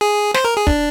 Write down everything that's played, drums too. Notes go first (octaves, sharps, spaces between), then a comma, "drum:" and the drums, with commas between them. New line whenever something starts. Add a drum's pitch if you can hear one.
G#4
C5, drum: snare
A#4
G#4
D4, drum: kick